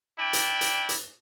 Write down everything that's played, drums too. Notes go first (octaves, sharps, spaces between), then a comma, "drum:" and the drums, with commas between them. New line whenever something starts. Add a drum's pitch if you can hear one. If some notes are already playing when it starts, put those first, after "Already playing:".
D4 E4 D5 G5
drum: hi-hat
drum: hi-hat
drum: hi-hat